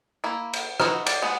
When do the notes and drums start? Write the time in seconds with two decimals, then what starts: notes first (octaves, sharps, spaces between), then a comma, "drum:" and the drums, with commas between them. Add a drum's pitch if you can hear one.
0.24 A#3 E4
0.53 drum: cymbal
0.80 D#4 E4 F#4, drum: rim click
1.06 D5, drum: cymbal
1.22 G#3 B3 F#5